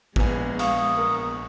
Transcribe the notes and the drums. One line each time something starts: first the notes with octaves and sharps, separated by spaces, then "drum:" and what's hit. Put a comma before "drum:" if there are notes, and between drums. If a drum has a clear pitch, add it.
A#1 G#3 B3 G#5, drum: kick G#1
F5 C#6 D#6, drum: hi-hat
A#4